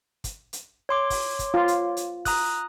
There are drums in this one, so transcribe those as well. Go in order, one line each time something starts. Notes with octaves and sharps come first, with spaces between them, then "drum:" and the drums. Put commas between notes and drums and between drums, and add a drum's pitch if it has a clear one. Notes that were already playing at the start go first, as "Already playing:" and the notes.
drum: kick, hi-hat
drum: hi-hat
C#5 C6 D6
drum: kick, open hi-hat
drum: kick, hi-hat
F4
drum: hi-hat
drum: hi-hat
A#5 D#6 F#6, drum: kick, open hi-hat